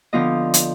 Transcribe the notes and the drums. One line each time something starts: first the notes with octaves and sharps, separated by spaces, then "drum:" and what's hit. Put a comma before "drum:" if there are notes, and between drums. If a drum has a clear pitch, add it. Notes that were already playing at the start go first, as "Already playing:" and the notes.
D3 F3 B3 F4 D#5
drum: hi-hat